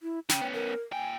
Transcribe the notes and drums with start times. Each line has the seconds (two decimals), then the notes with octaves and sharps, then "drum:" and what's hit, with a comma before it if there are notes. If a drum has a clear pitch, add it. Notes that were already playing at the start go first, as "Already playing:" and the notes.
0.03 E4
0.29 C#3 G5, drum: snare
0.41 B3 C#4
0.54 A#4
0.92 A#2 G5 G#5